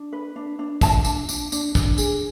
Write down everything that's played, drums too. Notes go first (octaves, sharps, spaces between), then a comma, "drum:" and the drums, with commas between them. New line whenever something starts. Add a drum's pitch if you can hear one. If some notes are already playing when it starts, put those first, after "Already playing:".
Already playing: D4
B4
D4
D4
F4 A5, drum: kick, tambourine
D4, drum: tambourine
D4, drum: tambourine
D4, drum: tambourine
D4, drum: kick, tambourine
G#4, drum: tambourine